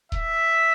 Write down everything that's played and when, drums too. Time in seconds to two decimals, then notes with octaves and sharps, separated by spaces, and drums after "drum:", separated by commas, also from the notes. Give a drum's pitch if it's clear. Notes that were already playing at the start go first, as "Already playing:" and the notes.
0.12 E5, drum: kick D#1